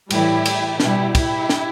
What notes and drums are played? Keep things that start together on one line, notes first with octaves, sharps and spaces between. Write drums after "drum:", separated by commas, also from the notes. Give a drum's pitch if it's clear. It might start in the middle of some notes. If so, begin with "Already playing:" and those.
A2 E3 G3 E4 G4, drum: cymbal
drum: cymbal
B2 G3 E4 G4, drum: snare
E4 G4, drum: kick, cymbal
drum: snare